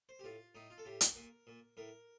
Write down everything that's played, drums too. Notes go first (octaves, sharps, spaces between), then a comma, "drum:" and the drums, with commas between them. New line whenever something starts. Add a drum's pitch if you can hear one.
C5
G4
A2 F4
A2 D#4
F4
A4
A2 G4
A#4, drum: hi-hat
A#2
A#2
A2 A#4